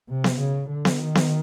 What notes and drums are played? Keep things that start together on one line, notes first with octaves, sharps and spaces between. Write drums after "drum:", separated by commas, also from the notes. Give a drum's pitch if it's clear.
C3
drum: snare B3
C#3
D3
drum: snare B3
D#3
drum: snare B3